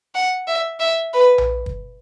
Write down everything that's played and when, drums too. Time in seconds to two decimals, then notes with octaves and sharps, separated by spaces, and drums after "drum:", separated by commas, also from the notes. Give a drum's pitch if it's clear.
0.15 F#5
0.48 E5
0.80 E5
1.14 B4
1.38 drum: tom A#1
1.66 drum: kick